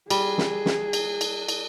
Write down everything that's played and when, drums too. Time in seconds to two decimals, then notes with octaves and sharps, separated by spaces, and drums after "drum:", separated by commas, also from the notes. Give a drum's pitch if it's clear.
0.10 G3 G#4, drum: cymbal
0.38 drum: snare
0.66 drum: snare
0.93 drum: cymbal
1.21 drum: cymbal
1.49 drum: cymbal